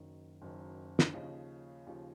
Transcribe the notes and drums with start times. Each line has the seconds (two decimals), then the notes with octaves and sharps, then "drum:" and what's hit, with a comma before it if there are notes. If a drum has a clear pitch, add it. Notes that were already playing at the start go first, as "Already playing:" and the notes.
Already playing: F#1 F#2 D#3
0.42 F#1 F#2 D#3
0.99 drum: snare
1.13 D#2 C#3 F3 D#5
1.87 D#2 C#3 F3